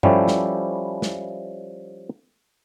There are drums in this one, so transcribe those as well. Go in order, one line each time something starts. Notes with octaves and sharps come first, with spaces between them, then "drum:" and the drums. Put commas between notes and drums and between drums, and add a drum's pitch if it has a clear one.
F3 G3 C#4 E4 G4 A4, drum: tom G2
drum: snare
drum: snare